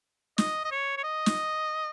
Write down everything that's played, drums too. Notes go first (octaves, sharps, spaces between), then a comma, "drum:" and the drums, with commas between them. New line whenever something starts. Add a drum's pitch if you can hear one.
D#5, drum: snare
D#5
C#5
C#5
D#5
drum: snare